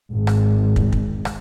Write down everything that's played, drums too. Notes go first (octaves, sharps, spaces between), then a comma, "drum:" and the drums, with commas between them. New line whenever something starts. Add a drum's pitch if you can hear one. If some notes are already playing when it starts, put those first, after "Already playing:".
G#1
drum: rim click
drum: kick
drum: kick
drum: rim click